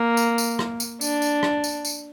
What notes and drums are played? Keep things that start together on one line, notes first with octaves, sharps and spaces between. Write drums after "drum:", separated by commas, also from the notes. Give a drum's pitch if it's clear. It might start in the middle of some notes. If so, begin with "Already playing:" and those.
Already playing: A#3
drum: tambourine
drum: tambourine
drum: rim click
drum: tambourine
D4, drum: tambourine
drum: tambourine
drum: rim click
drum: tambourine
drum: tambourine